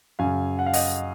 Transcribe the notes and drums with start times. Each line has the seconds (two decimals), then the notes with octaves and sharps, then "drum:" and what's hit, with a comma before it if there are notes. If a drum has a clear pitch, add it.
0.19 F#2 C#3 F5 G#5
0.59 F#5
0.66 F5
0.73 D#5 F#5, drum: open hi-hat